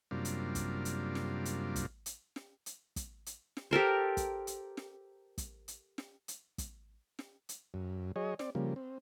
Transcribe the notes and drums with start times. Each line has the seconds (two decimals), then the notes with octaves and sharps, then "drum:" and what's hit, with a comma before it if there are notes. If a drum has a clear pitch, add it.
0.11 F#2 C3 G3 A#3 D4 F4
0.25 drum: hi-hat
0.55 drum: kick, hi-hat
0.85 drum: hi-hat
1.15 drum: snare
1.45 drum: hi-hat
1.76 drum: kick, hi-hat
2.06 drum: hi-hat
2.36 drum: snare
2.66 drum: hi-hat
2.96 drum: kick, hi-hat
3.26 drum: hi-hat
3.57 drum: snare
3.71 G4 A4 A#4 C5
4.17 drum: kick, hi-hat
4.47 drum: hi-hat
4.77 drum: snare
5.38 drum: kick, hi-hat
5.68 drum: hi-hat
5.98 drum: snare
6.28 drum: hi-hat
6.58 drum: kick, hi-hat
7.19 drum: snare
7.49 drum: hi-hat
7.74 F#2
8.16 F#3 G#4 C#5 D#5
8.39 C4 D5, drum: snare
8.55 C#3 F3 G3 A#3
8.76 C4